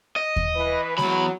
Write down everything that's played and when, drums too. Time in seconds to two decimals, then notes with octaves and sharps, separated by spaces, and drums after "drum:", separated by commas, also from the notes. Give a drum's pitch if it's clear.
0.16 D#5
0.36 drum: kick D#2
0.56 E3 B4
0.98 E2 F#3 B5, drum: snare G#3